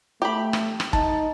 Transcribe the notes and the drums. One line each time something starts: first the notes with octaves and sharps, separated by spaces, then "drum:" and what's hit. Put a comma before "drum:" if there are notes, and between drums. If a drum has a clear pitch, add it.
A3 G4 B5
drum: rim click
drum: rim click
D#4 A5, drum: kick